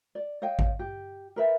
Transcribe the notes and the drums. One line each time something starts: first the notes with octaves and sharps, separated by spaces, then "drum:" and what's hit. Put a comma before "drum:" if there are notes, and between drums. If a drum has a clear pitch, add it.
D5
C#5 D#5 F5 G5
drum: kick G#1
G4
A#4 B4 E5 G5